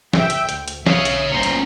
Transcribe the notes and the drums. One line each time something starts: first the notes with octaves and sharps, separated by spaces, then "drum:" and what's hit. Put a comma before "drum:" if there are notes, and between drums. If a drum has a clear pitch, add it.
E5 G5, drum: snare
drum: hi-hat
D2, drum: hi-hat
drum: hi-hat
B1 C#5 E5 F5 D#6, drum: snare
drum: hi-hat
G1 A#2 C#4 C5 A#5
drum: hi-hat